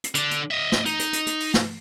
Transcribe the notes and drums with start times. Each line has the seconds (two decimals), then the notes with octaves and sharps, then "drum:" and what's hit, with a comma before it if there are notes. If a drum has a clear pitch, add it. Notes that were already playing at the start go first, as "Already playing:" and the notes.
0.04 drum: hi-hat
0.15 D3 D4, drum: hi-hat
0.31 drum: hi-hat
0.51 D#5 E5
0.72 drum: snare
0.86 D#4, drum: hi-hat
0.99 drum: hi-hat
1.13 drum: hi-hat
1.27 drum: hi-hat
1.40 drum: open hi-hat
1.54 drum: snare